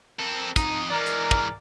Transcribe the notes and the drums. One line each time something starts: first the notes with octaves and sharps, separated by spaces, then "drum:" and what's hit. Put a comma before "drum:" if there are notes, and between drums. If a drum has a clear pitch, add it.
C4 A4 A#4
F2 D#4 D#5, drum: kick, hi-hat
E3 G#3 A#4 D5
drum: hi-hat
drum: kick